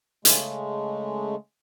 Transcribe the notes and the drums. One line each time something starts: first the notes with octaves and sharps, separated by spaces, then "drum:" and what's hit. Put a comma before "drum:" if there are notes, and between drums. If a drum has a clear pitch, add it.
C#3 G#3 A3, drum: hi-hat